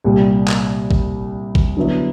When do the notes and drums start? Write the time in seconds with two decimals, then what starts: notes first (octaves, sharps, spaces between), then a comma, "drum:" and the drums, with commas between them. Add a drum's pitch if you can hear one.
0.04 C2 A#2 G3
0.48 drum: clap
0.91 drum: kick
1.55 drum: kick
1.77 D3 F#3 B3 E4